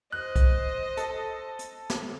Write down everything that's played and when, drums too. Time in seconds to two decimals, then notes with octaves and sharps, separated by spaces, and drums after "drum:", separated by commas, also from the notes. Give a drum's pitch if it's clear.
0.12 C5 D#5 F#6
0.36 drum: kick C2, hi-hat
0.97 A4, drum: hi-hat
1.59 drum: hi-hat
1.90 drum: snare